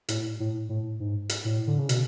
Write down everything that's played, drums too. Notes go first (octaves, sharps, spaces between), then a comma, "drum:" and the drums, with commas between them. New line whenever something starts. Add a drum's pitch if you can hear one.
A2, drum: hi-hat
A2
A2
G#2
drum: hi-hat
A2
D3
C#3
B2, drum: hi-hat